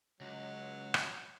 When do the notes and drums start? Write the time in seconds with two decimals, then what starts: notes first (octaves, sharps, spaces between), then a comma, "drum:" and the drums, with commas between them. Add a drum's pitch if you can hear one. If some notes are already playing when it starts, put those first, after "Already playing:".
0.21 C#2 F#3
0.94 drum: rim click